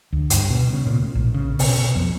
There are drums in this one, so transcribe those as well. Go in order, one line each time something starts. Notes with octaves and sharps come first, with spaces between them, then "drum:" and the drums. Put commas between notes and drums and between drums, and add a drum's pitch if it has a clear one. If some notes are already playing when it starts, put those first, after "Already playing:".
D2
G2, drum: hi-hat
B2
C#3
A#2
A2
A#1
C#3
B2, drum: open hi-hat
B2
F2